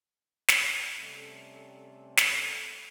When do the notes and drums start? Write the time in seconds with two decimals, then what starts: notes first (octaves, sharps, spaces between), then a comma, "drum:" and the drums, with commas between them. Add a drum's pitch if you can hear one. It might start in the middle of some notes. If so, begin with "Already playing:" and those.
0.48 drum: snare
0.99 C3 G3 A3 C#4 A4
2.17 drum: snare